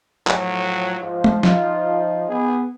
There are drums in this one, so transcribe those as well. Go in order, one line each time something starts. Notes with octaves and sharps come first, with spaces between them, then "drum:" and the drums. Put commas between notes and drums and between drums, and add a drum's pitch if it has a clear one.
A2 F3 F#3, drum: clap
G#2 F3
drum: tom G#3
D#4 F4, drum: snare
B3 G#4